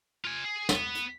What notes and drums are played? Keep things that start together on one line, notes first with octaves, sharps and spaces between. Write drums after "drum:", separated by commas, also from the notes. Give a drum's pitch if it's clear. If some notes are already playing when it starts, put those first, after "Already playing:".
F4 G#5
G#4
B3, drum: snare
drum: hi-hat